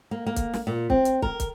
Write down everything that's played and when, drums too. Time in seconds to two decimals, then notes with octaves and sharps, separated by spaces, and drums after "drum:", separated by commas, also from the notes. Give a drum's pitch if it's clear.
0.11 A#3
0.27 A#3
0.36 drum: kick, hi-hat
0.54 drum: snare
0.67 A#2
0.90 C4, drum: kick
1.05 drum: hi-hat
1.22 A#4, drum: kick
1.40 drum: kick, hi-hat